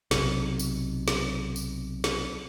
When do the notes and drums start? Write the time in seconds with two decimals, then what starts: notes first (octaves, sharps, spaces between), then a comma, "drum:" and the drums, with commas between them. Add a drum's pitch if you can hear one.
0.11 B1 C3, drum: snare
0.59 drum: tambourine
1.08 drum: snare
1.56 drum: tambourine
2.04 drum: snare